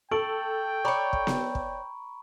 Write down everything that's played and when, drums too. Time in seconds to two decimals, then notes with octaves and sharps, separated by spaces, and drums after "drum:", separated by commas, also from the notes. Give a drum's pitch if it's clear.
0.11 A4 G5 C#6 D7 F#7
0.85 C#5 D5 A#5 B5 C#6
1.13 drum: kick
1.27 drum: snare B3
1.55 drum: kick